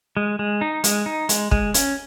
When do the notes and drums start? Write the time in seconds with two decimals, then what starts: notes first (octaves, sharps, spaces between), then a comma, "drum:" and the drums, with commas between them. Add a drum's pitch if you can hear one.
0.17 G#3
0.39 G#3
0.61 D#4
0.84 G#3, drum: hi-hat
1.06 D#4
1.29 G#3, drum: hi-hat
1.51 G#3, drum: kick
1.74 C#4, drum: hi-hat